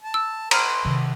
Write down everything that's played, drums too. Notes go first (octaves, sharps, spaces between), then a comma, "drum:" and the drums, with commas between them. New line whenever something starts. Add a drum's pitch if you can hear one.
A5
E6
B4 A#5 C6 F6, drum: cymbal
C3 D#3